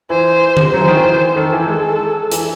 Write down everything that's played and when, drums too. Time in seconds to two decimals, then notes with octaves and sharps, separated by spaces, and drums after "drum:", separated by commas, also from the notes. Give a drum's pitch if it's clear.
0.10 E3 C5
0.57 drum: tom D#3
0.73 F#3 C5
0.81 E3
0.88 D#3
0.96 E3
1.37 D#3 A4
1.53 E3
1.68 G#3
2.32 E3, drum: hi-hat